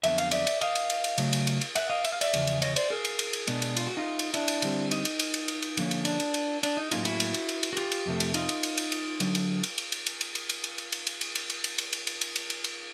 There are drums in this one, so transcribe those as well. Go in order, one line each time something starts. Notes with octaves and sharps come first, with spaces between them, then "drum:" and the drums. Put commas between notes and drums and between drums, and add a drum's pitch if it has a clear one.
F2 D3 F#3 B3 E5, drum: cymbal
F5, drum: cymbal
D5 E5, drum: cymbal
drum: cymbal
D#5 F5, drum: cymbal
drum: cymbal
drum: cymbal
drum: cymbal
C#3 F#3 A3, drum: cymbal
drum: cymbal
drum: cymbal
drum: cymbal
E5 F#5, drum: cymbal
D#5 F5
E5, drum: cymbal
F5
D5 E5, drum: cymbal
E2 C#3 F3, drum: cymbal
drum: cymbal
C#5 D#5, drum: cymbal
C5 D5, drum: cymbal
G#4 A#4
drum: cymbal
drum: cymbal
drum: cymbal
B2 G#3 B3 D4, drum: cymbal
drum: cymbal
F4, drum: cymbal
F#4
D#4 F4
drum: cymbal
D4 E4, drum: cymbal
drum: cymbal
D3 G3 C4, drum: cymbal
D#4, drum: cymbal
drum: cymbal
drum: cymbal
drum: cymbal
drum: cymbal
drum: cymbal
D3 F3 A#3 C#4, drum: cymbal
drum: cymbal
D4, drum: cymbal
drum: cymbal
drum: cymbal
D4, drum: cymbal
D#4
A2 F#3 A#3 C#4 D#4 F4, drum: cymbal
E4 F#4, drum: cymbal
drum: cymbal
drum: cymbal
drum: cymbal
drum: cymbal
F#4
F4 G4, drum: cymbal
drum: cymbal
F2 C3 F3 A3
drum: cymbal
D#4 F4, drum: cymbal
drum: cymbal
drum: cymbal
drum: cymbal
drum: cymbal
D3 F#3, drum: cymbal
drum: cymbal
drum: cymbal
drum: cymbal
drum: cymbal
drum: cymbal
drum: cymbal
drum: cymbal
drum: cymbal
drum: cymbal
drum: cymbal
drum: cymbal
drum: cymbal
drum: cymbal
drum: cymbal
drum: cymbal
drum: cymbal
drum: cymbal
drum: cymbal
drum: cymbal
drum: cymbal
drum: cymbal
drum: cymbal
drum: cymbal